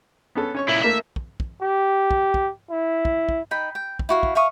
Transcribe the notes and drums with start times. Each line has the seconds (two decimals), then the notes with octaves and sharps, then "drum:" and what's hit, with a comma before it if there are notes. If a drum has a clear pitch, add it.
0.35 B3 C#4 A4
0.55 C#4 C#5 C#6
0.69 A#2 E4
0.83 A3 A#3 E4 E5
1.16 drum: kick
1.40 drum: kick
1.62 G4
2.11 drum: kick
2.34 drum: kick
2.70 E4
3.05 drum: kick
3.29 drum: kick
3.51 D#4 G5 B5
3.75 G5
3.99 drum: kick
4.09 E4 F#4 F5
4.23 drum: kick
4.35 E5 F5 C#6 D#6